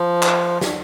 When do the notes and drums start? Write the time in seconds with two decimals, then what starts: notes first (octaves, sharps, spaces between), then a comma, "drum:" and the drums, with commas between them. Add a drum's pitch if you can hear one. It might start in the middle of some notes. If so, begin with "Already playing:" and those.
Already playing: F3
0.22 drum: clap
0.61 drum: snare